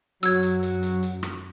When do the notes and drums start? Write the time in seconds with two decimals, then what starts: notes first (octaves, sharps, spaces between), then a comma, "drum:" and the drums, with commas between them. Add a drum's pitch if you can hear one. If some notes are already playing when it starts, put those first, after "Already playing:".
0.23 F#2 F#3 E6 G#6, drum: hi-hat
0.43 drum: hi-hat
0.63 drum: hi-hat
0.83 drum: hi-hat
1.03 drum: hi-hat
1.23 drum: rim click